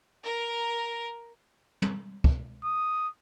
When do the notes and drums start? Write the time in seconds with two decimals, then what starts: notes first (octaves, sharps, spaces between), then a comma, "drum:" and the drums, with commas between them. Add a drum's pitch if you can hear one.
0.24 A#4
1.82 drum: tom
2.24 drum: kick
2.63 D#6